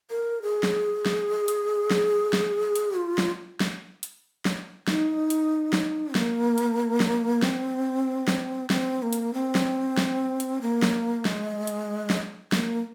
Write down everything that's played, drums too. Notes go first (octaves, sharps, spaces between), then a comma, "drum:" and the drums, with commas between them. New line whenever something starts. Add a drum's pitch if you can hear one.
A#4
G#4
drum: snare
drum: snare
drum: hi-hat
drum: snare
drum: snare
drum: hi-hat
F4
drum: snare
drum: snare
drum: hi-hat
drum: snare
D#4, drum: snare
drum: hi-hat
drum: snare
A#3, drum: snare
drum: hi-hat
drum: snare
C4, drum: snare
drum: snare
C4, drum: snare
A#3
drum: hi-hat
C4
drum: snare
drum: snare
drum: hi-hat
A#3
drum: snare
G#3, drum: snare
drum: hi-hat
drum: snare
A#3, drum: snare